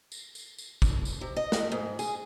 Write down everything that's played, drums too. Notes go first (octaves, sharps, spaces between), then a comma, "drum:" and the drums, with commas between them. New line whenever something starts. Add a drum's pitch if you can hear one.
drum: tambourine
drum: tambourine
drum: tambourine
drum: kick, tambourine
drum: tambourine
C3
D#5
drum: snare
G#2
G#4, drum: tambourine